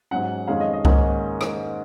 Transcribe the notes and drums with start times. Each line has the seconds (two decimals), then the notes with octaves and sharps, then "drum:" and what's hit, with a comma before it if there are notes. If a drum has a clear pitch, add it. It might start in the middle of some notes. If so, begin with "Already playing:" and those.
0.11 G#2 F#3 C#4 F#5
0.47 F2 D#3 G#3 C#4 F5
0.60 D#5
0.73 D#5
0.85 G#2 D#3 A#3 C#4, drum: kick C2
1.41 drum: rim click